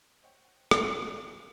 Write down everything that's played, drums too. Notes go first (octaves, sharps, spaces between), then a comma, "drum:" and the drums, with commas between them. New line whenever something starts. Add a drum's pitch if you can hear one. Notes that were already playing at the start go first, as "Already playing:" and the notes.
C5 C#5 D#5 F#5 G5
drum: rim click
E3 F4 G#4 F5 E7